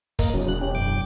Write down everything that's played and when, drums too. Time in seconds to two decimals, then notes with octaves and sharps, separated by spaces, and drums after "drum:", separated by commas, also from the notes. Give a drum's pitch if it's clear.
0.19 A#3 A#4 D#5, drum: kick, hi-hat
0.34 E1 C#3 F#3
0.48 F#6
0.61 C#4 G4
0.75 F#2 G5 D6